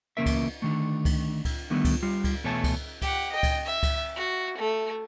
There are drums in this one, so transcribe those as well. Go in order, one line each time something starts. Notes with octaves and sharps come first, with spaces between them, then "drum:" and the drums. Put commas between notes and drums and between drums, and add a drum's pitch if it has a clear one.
E2 C#3 A#3 A#4 E5
drum: kick C#2, cymbal
D3 D#3 A3
drum: kick C#2, cymbal
drum: kick C#2, cymbal
D3 D#3 G3 A3 B3
drum: kick C#2, cymbal
G3 F4
drum: kick C#2, cymbal
E2 B2 A3 C#5 G#5 A5
drum: kick C#2, cymbal
G4 F#5, drum: kick C#2, cymbal
D#5 G5
drum: kick C#2, cymbal
E5
drum: kick C#2, cymbal
F#4
A3